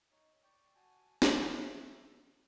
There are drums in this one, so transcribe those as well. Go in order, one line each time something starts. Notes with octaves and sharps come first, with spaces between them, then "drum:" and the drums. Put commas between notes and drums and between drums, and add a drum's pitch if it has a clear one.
D#4 C#5
D5 G5 C#6
F#4 G#5 A5
A3 E5, drum: snare